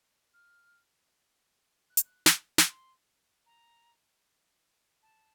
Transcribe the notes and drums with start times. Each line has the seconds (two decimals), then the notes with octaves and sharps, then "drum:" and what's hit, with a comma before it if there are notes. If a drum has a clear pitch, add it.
0.33 F6
1.90 F#6
1.97 G6, drum: hi-hat
2.04 F#6
2.26 drum: snare
2.58 drum: snare
2.68 C6
3.46 A#5
5.02 A5